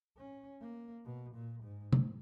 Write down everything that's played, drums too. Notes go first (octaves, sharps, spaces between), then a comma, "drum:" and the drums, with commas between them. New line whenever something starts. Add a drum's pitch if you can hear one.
C#4
A#3
B2
A#2
G#2
drum: tom C3